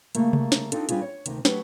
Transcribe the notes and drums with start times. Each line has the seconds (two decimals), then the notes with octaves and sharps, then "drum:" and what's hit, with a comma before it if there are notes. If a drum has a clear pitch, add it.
0.15 C#3 G3 A3 A#3, drum: hi-hat
0.33 drum: tom C3
0.52 drum: snare
0.72 C4 D4 D#4 F4 A4, drum: hi-hat
0.89 G3 C4 D4 F4 G#4, drum: hi-hat
1.01 C#5
1.26 D2 C3 D#3, drum: hi-hat
1.45 F#3 A3 F#4 G4 B4, drum: snare